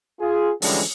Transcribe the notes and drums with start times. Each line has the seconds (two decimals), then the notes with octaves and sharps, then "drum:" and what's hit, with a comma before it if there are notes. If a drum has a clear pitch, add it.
0.20 F4 G#4
0.62 D3 E3 F3 G3 G#3 C#4, drum: open hi-hat